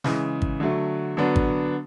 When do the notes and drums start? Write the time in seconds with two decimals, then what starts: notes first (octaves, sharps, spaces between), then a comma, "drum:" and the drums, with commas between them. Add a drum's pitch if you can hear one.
0.04 C#3 E3 G#3, drum: snare
0.42 drum: kick
0.60 D3 F#3 A3
1.17 D3 F#3 B3 D4
1.36 drum: kick